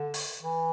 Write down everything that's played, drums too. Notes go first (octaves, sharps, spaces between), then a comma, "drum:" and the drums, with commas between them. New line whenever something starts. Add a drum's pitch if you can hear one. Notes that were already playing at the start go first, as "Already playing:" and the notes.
Already playing: D3
drum: open hi-hat
E3